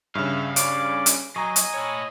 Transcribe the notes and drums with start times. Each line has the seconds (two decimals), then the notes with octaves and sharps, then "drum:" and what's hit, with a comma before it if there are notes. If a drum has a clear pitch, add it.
0.15 G2 C#3 E5 F5
0.56 C#4 D5 D6, drum: hi-hat
1.06 drum: hi-hat
1.36 F#3 D#5 G#5 A#5 C#6
1.56 drum: hi-hat
1.74 E4 C#5